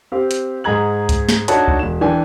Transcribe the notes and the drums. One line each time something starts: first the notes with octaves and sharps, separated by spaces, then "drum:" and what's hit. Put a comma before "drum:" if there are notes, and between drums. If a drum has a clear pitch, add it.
C4 G4 F5
drum: hi-hat
G#2 G#4 D#5 A#5 G#6 F#7
drum: kick C#2, hi-hat
drum: snare
D4 D#4 F#4 A4 C#5 A5, drum: hi-hat
drum: kick C#2
E1 E7
E3 D4 A4 G5 G#5